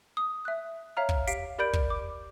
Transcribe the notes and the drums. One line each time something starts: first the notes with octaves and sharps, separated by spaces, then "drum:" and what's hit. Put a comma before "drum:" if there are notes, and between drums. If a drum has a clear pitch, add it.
D#6
E5 F#6
C#5 E5 F5 A#5 F6
drum: kick
G4 F5 B6 C7 D7, drum: hi-hat
G4 A#4 D5 B5 G6 D7
drum: kick
D6